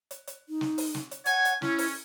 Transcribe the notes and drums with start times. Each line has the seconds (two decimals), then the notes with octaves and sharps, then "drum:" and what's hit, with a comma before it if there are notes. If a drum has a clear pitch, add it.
0.11 drum: hi-hat
0.27 drum: hi-hat
0.49 D#4
0.61 drum: snare
0.78 drum: open hi-hat
0.95 drum: snare
1.11 drum: hi-hat
1.26 C#5 F#5 G#5, drum: hi-hat
1.45 drum: hi-hat
1.62 C#4 E4, drum: snare
1.78 drum: open hi-hat